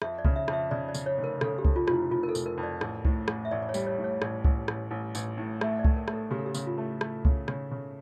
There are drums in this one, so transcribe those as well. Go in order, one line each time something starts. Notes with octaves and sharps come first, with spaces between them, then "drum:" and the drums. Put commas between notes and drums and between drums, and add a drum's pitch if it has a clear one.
F2 E5, drum: rim click
D5
C#3, drum: kick C2
E5
F2, drum: rim click
E5
C#3 D5
D5
C#3, drum: tambourine
C#5
F1
A#4
C#3 A4, drum: rim click
G4
F2, drum: kick C2
F4
F1 F4, drum: rim click
E4
F1 F4
A#4
A4
F1, drum: tambourine
A#4
F2
D5
A1, drum: rim click
A2, drum: kick C2
A1, drum: rim click
E5
A1 D5
D5
C#5
G3, drum: tambourine
C#5
A2
C#5
A1 D5, drum: rim click
A1, drum: kick C2
A1, drum: rim click
A1
A1, drum: tambourine
A2
A3 E5, drum: rim click
D5
A3, drum: kick C2
A#4
A3, drum: rim click
A4
C#3 G4
A4
G4
C#3, drum: tambourine
F4
A3
A3, drum: rim click
C#3, drum: kick C2
C#3, drum: rim click
C#3